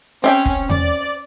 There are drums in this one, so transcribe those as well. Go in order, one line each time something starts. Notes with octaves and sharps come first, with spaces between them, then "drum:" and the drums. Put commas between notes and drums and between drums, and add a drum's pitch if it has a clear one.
C4 C#4 E5 G5
drum: kick
D5, drum: tom E2